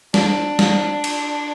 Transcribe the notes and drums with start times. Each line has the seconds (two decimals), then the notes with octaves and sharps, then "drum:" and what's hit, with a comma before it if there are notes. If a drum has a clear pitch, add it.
0.14 D4, drum: snare
0.59 drum: snare
1.04 drum: cymbal